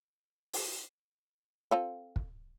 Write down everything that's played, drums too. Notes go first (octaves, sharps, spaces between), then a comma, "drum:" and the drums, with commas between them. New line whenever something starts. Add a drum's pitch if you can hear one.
drum: open hi-hat
C4 F4 A4
drum: kick